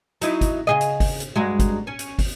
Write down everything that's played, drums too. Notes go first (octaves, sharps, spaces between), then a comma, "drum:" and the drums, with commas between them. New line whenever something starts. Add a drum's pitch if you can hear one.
F#3 D#4 E4, drum: hi-hat
drum: kick, hi-hat
C#3 G#4 D#5
drum: hi-hat
drum: kick, open hi-hat
drum: hi-hat
G2 F#3 G#3
drum: kick, hi-hat
C#4
drum: hi-hat
drum: kick, open hi-hat